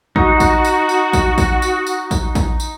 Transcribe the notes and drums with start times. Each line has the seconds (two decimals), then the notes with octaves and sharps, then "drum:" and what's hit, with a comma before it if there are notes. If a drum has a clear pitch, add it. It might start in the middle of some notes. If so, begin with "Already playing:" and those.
0.16 D#4 F#4, drum: kick
0.40 drum: kick, tambourine
0.65 drum: tambourine
0.89 drum: tambourine
1.13 drum: kick, tambourine
1.38 drum: kick, tambourine
1.62 drum: tambourine
1.87 drum: tambourine
2.11 drum: kick, tambourine
2.35 drum: kick, tambourine
2.60 drum: tambourine